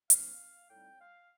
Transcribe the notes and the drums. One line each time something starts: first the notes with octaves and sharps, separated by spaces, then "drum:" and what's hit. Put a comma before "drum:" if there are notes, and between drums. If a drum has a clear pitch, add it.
C3 F3 A#3 D4 F5, drum: hi-hat
A2 G3 C4 D#4 G5
F5